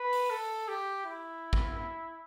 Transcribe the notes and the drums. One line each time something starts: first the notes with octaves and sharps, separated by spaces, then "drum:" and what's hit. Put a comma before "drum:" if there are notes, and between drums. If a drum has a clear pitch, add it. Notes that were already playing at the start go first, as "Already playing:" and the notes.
Already playing: B4
drum: open hi-hat
A4
G4
E4
drum: kick G#1